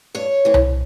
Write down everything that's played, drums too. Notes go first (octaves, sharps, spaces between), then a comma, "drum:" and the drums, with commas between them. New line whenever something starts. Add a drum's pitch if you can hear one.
G2 C#5
E3 A3 C4
drum: tom C2